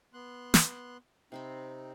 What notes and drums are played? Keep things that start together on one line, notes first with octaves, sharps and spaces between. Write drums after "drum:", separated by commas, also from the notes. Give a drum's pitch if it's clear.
B3 C6 F#6
drum: snare
C3 C4 D#4 C5 B5